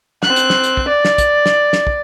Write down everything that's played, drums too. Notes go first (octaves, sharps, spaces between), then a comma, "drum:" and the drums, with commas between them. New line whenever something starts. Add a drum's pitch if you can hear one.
C4 F#6, drum: snare
drum: hi-hat
drum: snare
drum: hi-hat
drum: kick
D5
drum: snare
drum: kick, hi-hat
drum: snare
drum: snare
drum: kick